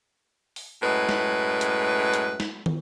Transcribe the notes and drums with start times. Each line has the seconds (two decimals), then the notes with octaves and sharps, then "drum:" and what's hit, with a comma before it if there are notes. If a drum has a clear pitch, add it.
0.56 drum: open hi-hat
0.82 F#2 A2 G#3 B4
1.09 drum: snare
1.61 drum: hi-hat
2.14 drum: hi-hat
2.40 drum: snare
2.66 drum: tom